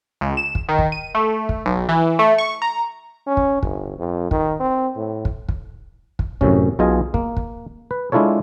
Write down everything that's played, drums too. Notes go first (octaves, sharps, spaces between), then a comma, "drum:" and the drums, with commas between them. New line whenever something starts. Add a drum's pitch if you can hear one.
C#2
E7
drum: kick
D#3
drum: kick
D#7
A3
drum: kick
B1
E3
A3
C#6
A#5
C#4
drum: kick
G1, drum: kick
F2
D#3, drum: kick
C4
A2
drum: kick
drum: kick
drum: kick
F#2 A2 C3 C#4, drum: kick
B1 B2 F4 G#4 D#5 G#5
A#3, drum: kick
drum: kick
B4
G#3 D4 E4 F4 A4 C#5